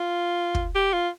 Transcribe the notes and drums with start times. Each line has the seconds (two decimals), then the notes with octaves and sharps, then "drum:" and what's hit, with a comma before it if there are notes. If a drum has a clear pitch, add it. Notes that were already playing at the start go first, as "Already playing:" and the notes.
Already playing: F4
0.55 drum: kick
0.75 G4
0.93 F4